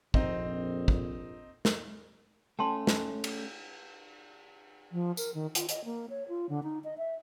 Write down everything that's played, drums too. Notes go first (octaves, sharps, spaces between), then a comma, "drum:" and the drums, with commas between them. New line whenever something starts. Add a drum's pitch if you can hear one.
A#1 F2 C4 D#4, drum: kick
drum: kick
drum: snare
A3 C#4 G5 A5 C6
drum: snare
drum: cymbal
F3
A#4, drum: tambourine
D#3
F4, drum: hi-hat
D#5, drum: hi-hat
A#3
C#5
F4
D3
D#4
D#5
E5